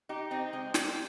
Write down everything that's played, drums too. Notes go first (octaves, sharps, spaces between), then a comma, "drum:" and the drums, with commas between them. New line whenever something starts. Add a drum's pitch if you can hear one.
D#4 G4
C4 D#4
G#3 C4
G3 A#3, drum: snare